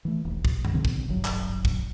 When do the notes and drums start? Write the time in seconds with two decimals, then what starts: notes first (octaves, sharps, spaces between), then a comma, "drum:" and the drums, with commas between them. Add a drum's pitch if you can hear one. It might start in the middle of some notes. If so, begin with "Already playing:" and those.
0.05 E3 A3
0.25 D#1 A#1
0.45 drum: kick
0.65 drum: tom F#2
0.74 B2 D3 D#3 C4
0.85 drum: kick
1.07 D1 G#1 G2 F#3
1.25 drum: clap
1.65 drum: kick